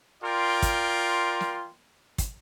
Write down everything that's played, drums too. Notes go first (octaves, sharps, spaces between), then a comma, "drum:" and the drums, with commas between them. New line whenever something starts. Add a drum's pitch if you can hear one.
F4 A#4 D5 G5 C6
drum: kick, hi-hat
drum: snare
drum: kick, hi-hat